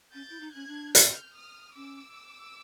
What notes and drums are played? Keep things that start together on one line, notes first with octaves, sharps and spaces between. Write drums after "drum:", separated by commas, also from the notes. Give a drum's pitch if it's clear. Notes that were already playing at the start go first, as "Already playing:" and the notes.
C#4 G6 A6
E4
D#4
C#4 F#6 G#6
D4
F6 G6, drum: hi-hat
D#6 F6
C#4 D6 E6